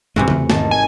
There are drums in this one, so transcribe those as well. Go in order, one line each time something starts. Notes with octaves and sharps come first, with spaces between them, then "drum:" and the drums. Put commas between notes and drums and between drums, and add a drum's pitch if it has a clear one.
A#1 G2 C3 E3 G#3 F#4
E2 A3, drum: tom C#3
G#1 D#3 A5, drum: snare
G#5